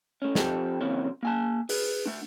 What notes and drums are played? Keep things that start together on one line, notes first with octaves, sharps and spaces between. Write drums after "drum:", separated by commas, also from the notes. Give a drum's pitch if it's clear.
A3 C#4
F3 C4 G4 A4, drum: snare
C#3 E3 F#3 A#3 C4 C#4
A#3 G#5 A5
G#4 B4, drum: open hi-hat
A3 D4